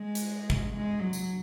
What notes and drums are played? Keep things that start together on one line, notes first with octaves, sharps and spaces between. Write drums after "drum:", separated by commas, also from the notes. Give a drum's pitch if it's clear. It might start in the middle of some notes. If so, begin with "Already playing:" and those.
Already playing: G#3
drum: hi-hat
drum: kick
G#3
F#3
drum: tambourine